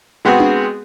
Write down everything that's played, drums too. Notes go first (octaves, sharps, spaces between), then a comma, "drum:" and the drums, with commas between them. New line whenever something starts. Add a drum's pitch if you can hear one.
G#3 B3 C4 F#4 G#4
drum: tom D4